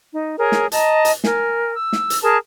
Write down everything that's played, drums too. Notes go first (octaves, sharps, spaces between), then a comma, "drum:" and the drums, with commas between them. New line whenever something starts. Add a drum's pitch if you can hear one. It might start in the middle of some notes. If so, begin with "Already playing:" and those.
D#4
G#4 A#4 C#5
drum: snare
D#5 A5 A#5, drum: hi-hat
drum: hi-hat
A#4 G#5, drum: snare
E6
drum: snare
drum: hi-hat
G#4 A#4 A5 A#5